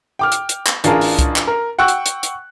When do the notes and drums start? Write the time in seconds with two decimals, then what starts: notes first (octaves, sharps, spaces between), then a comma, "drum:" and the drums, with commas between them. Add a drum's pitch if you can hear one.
0.19 G5 D6 F6
0.32 drum: hi-hat
0.49 drum: hi-hat
0.67 drum: clap
0.84 A1 D4 F4 G#4 A#4 A5, drum: hi-hat
1.01 drum: open hi-hat
1.19 drum: kick C2, hi-hat
1.36 drum: clap
1.47 A#4
1.79 F#5 G5 C#6 E6 F#6
1.88 drum: hi-hat
2.06 drum: hi-hat
2.23 drum: hi-hat